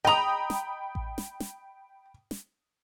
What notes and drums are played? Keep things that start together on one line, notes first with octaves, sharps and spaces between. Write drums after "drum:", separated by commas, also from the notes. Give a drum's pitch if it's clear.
D#5 G5 A#5 B5 D#6
drum: snare
drum: kick A1
drum: snare
drum: snare
drum: snare